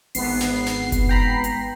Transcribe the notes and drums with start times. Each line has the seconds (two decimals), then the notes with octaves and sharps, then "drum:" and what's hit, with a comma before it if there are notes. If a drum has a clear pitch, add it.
0.15 G#1 B3 C7, drum: open hi-hat
0.40 drum: snare
0.66 drum: snare
0.92 drum: kick F#1, hi-hat
1.09 G5 A#5 B5
1.44 drum: hi-hat